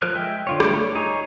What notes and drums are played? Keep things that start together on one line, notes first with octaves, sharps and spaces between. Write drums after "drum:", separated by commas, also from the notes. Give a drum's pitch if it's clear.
F3 A#4 C5 F6 F#6
G#3 E5 G5
D3 F4 C#5
G3 A3 D4 D6, drum: rim click
C#5
D#4 G#4 C#5